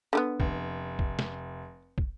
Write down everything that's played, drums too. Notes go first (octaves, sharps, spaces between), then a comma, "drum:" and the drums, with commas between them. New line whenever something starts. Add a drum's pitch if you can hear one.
D3 A3 B3
F1, drum: kick
drum: kick
drum: snare
drum: kick